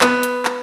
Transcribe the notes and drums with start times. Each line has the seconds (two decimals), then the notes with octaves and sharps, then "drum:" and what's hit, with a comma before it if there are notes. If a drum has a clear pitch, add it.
0.01 B3, drum: clap
0.23 drum: hi-hat
0.45 drum: clap